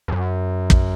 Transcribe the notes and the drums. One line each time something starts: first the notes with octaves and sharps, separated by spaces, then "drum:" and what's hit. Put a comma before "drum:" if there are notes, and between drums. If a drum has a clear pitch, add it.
E2
F#2
drum: kick